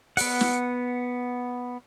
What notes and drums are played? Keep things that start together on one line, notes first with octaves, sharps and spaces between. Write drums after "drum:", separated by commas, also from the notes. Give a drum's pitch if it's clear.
B3 F#5, drum: open hi-hat
drum: snare